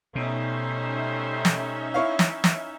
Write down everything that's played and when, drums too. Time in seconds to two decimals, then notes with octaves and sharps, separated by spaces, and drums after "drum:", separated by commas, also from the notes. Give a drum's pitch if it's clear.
0.15 B2 G3 A3 C#4 D#4 C5 E5
1.45 drum: snare
1.94 E4 C#5 F5
2.19 drum: snare
2.44 drum: snare